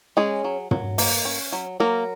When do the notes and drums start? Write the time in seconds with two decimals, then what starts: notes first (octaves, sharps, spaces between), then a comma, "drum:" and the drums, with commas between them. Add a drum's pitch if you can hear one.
0.17 G#3 C#4 G#4
0.44 F#3
0.71 F#3, drum: tom
0.98 A#3, drum: open hi-hat
1.25 C#4
1.52 F#3
1.80 F#3 A#3 A#4